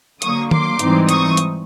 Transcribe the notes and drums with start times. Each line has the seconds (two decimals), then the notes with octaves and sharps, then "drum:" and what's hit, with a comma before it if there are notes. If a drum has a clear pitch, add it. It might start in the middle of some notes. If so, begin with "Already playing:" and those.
0.22 D3 F#3 A#3 C#6 D#6, drum: hi-hat
0.51 C6 D6, drum: tom D#3
0.79 G#2 E3 G3 C4 D#4, drum: hi-hat
1.09 C#6 D#6, drum: hi-hat
1.37 drum: hi-hat